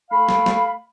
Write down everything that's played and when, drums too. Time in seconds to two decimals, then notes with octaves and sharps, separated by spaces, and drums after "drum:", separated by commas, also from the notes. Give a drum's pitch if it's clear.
0.11 A3 F5 B5
0.29 drum: snare
0.46 drum: snare